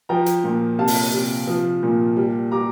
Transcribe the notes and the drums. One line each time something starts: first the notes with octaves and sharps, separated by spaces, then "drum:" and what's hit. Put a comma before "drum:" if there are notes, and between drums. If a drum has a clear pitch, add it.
F3 G5 A#5
drum: hi-hat
A#2
C3 F5 A5
drum: open hi-hat
C3
F3
A#2
G3
G3 A#5 D6